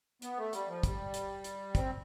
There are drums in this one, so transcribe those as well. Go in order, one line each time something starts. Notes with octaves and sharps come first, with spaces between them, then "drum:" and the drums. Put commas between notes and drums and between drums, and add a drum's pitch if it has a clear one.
B3, drum: hi-hat
A3
G3, drum: hi-hat
F3
G3, drum: kick, hi-hat
drum: hi-hat
drum: hi-hat
C4, drum: kick, hi-hat